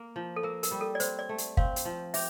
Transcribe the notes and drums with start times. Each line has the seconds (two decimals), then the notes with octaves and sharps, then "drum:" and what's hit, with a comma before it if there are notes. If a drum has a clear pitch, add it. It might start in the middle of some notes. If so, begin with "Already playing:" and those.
Already playing: A#3
0.16 F3
0.36 A4
0.43 A#3 A#4
0.63 A#4, drum: hi-hat
0.71 G3
0.81 A4
0.95 D5
1.00 C4 C5, drum: hi-hat
1.19 D5
1.29 A3
1.38 drum: hi-hat
1.57 C4 F5, drum: kick
1.76 drum: hi-hat
1.85 F3
2.14 G4 E5, drum: open hi-hat